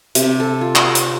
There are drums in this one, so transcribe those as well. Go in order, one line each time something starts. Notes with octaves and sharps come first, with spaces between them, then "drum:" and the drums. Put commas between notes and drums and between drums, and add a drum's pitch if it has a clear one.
C3, drum: hi-hat
A4
F4
drum: clap
drum: hi-hat